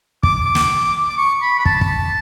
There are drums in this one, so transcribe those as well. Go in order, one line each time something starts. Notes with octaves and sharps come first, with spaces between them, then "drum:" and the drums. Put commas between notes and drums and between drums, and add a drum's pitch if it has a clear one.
D6, drum: kick
D6
drum: snare
D6
C#6
B5
B5
A5, drum: kick
drum: kick